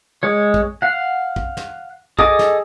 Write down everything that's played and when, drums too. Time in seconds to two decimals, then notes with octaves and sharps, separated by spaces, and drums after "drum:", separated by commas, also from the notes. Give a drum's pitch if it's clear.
0.23 G#3 C#5
0.54 drum: kick A#1
0.82 F5 F#5
1.36 drum: kick A#1
1.57 drum: snare
2.19 G#4 A4 D#5 G#5 D6, drum: kick A#1
2.39 drum: snare